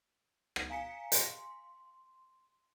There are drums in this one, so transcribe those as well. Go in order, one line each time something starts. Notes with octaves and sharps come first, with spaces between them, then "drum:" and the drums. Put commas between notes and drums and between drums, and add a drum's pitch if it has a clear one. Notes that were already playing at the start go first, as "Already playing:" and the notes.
drum: rim click
F5 G#5 A#5 B6 C#7
C6, drum: hi-hat